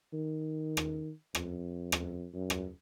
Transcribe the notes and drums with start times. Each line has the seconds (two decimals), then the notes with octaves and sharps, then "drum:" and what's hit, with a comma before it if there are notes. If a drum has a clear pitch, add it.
0.13 D#3
0.77 drum: rim click
1.35 F2, drum: rim click
1.92 drum: rim click
2.33 F#2
2.50 drum: rim click